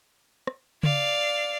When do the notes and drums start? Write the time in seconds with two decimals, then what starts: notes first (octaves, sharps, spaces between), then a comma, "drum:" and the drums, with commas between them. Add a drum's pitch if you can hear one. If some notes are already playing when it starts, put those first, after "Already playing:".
0.47 drum: rim click
0.83 D5 F5, drum: tom C#3